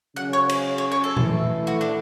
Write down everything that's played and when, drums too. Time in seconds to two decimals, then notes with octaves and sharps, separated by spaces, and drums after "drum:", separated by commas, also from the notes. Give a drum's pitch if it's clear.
0.16 C#3 F#3 C#4 F#5
0.33 C#5
0.50 drum: cymbal
0.78 C#5
0.92 C#5
1.04 A4
1.17 E3 A3 E4, drum: tom A#2
1.67 F#4
1.81 D4